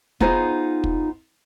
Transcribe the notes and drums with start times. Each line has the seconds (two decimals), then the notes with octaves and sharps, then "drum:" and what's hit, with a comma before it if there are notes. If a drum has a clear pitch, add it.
0.20 B3 D#4 F4 G#4 C5, drum: kick
0.84 drum: kick